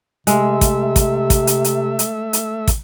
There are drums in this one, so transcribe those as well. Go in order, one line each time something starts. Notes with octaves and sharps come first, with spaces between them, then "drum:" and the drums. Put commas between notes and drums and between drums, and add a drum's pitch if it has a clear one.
C3 G#3 A3 E5, drum: hi-hat
drum: kick, hi-hat
drum: kick, hi-hat
drum: kick, hi-hat
drum: hi-hat
drum: hi-hat
drum: hi-hat
drum: hi-hat
drum: kick, hi-hat